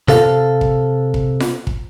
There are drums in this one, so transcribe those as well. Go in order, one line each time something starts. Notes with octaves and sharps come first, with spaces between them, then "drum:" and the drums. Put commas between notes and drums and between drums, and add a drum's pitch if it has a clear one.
C3 A4 F5, drum: snare F4
drum: kick
drum: kick
drum: snare F4
drum: kick